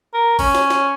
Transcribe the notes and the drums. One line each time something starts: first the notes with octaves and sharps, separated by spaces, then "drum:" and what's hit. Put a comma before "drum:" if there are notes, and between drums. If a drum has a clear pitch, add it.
A#4
C#4, drum: kick G#1, open hi-hat
drum: snare
drum: snare